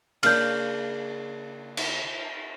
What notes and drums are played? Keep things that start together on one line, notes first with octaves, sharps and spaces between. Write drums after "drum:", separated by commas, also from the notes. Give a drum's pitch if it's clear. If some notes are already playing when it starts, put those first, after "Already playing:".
C#3 A#3 D4 F6 G6, drum: cymbal
drum: cymbal